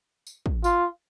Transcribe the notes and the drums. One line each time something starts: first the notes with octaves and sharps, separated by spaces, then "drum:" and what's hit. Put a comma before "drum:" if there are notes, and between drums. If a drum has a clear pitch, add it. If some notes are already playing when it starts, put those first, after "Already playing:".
drum: tambourine
drum: kick
F4, drum: tambourine